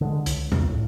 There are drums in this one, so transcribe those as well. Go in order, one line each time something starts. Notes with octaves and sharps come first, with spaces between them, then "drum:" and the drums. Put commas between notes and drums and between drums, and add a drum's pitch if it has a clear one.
D3 F#3 G#3
C#2, drum: hi-hat
drum: tom E2
C#2 A2